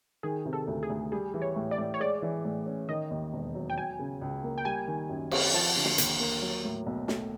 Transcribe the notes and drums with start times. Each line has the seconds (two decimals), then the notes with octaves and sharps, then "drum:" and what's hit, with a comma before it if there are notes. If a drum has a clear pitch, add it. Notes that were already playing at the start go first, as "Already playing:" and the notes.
0.23 D#3 G#4
0.45 C3
0.53 A4
0.68 D2
0.83 G#4
0.90 D2
1.12 G3 G#4
1.34 E3
1.42 C#5
1.56 A2
1.71 D5
1.78 A2
1.94 C#5
2.00 G#3 D5
2.22 E3
2.45 A2
2.66 C#4
2.89 D#3 D#5
3.11 D#2
3.33 E1
3.55 F#3
3.70 G5
3.77 F#3 G#5
3.99 C#3
4.21 C#2
4.43 A#3
4.58 G5
4.65 G3 G#5
4.87 D#3
5.09 F#2
5.31 C4, drum: cymbal
5.53 F3 A5
5.76 D3
5.85 drum: snare
5.98 D#2, drum: hi-hat
6.20 A#3
6.42 F#3
6.64 A2
6.86 B1
7.08 A3, drum: snare